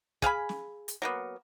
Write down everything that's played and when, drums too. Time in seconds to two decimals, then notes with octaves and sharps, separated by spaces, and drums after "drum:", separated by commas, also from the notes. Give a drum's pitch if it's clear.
0.22 G#4 F5 G#5 B5, drum: kick
0.49 drum: snare
0.88 drum: hi-hat
1.02 F#3 A#3 B3